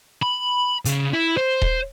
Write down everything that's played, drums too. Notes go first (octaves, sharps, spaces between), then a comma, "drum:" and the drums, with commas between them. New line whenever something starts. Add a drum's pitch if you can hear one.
B5
C#3, drum: hi-hat
E4
C5
drum: kick D#1